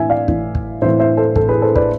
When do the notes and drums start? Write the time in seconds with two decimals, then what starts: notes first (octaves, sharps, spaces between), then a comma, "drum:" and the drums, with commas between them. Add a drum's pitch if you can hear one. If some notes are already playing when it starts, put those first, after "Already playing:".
Already playing: A2 E3 E5 G#5
0.10 D5 F5
0.28 A2 E3, drum: kick
0.55 drum: kick
0.82 A2 E3 C5 E5
0.99 C5 E5
1.17 A4 C5
1.36 A2 E3 A4, drum: kick
1.49 G#4 B4
1.62 A4 C5
1.76 B4 D5, drum: kick